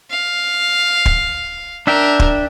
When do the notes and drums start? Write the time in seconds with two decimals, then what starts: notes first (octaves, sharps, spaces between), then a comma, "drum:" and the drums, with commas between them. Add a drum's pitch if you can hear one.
0.11 F5
1.06 drum: kick
1.87 D4 A#4 E5 G5
2.20 drum: kick